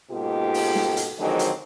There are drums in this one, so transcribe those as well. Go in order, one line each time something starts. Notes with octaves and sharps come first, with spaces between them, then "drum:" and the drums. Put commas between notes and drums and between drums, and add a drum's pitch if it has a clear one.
G#2 B2 A#3 F4 G4 A4
drum: open hi-hat
drum: snare
drum: hi-hat
D3 D#3 F3 F#3 G#3 C4
drum: hi-hat